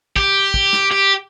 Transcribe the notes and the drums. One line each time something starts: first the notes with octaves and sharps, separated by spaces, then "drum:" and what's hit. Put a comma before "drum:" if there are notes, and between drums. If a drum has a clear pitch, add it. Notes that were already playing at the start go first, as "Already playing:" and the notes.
G4, drum: kick
drum: kick
drum: snare
G4